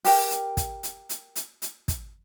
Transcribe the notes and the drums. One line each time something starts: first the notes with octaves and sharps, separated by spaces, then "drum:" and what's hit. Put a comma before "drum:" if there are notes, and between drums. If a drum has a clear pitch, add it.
G4 A#4 G5, drum: open hi-hat
drum: hi-hat
drum: kick, hi-hat
drum: hi-hat
drum: hi-hat
drum: hi-hat
drum: hi-hat
drum: kick, hi-hat